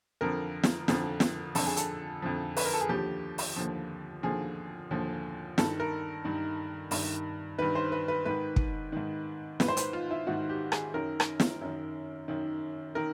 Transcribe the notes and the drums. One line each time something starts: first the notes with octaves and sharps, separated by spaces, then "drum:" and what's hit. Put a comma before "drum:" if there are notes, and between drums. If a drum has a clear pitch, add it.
F2 D3 F3 A#4
drum: snare
F2 D3 F3, drum: snare
drum: snare
F2 D3 F3 A4, drum: open hi-hat
G#4
A4, drum: hi-hat
F2 D3 F3
B4, drum: open hi-hat
A#4
A4
G#4
D#2 D3 F3 G4
drum: open hi-hat
D#2 D3 F3
D#2 D3 F3 G#4
D#2 D3 F3
G2 D#3 A4, drum: snare
A#4
G2 D#3
G2 D#3, drum: open hi-hat
G2 D#3 B4
C5
B4
B4
G#2 D#3 B4
drum: kick
G#2 D#3
G#2 D#3 B4, drum: snare
C5
B4, drum: hi-hat
F4
E4
G#2 D#3 F#4
G4
G#4, drum: rim click
F#2 D#3 A#4
drum: rim click
drum: snare
F#2 D#3
F#2 D#3
D#3 A#4